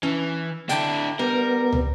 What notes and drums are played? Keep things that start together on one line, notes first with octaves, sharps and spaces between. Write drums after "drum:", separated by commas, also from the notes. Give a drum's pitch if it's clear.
E3 C#4
D3 D4 E4 G5, drum: hi-hat
G3 B3 A#4
drum: tom